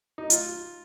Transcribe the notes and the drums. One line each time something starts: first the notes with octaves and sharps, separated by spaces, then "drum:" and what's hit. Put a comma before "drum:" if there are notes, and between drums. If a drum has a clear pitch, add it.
D#4
F4, drum: hi-hat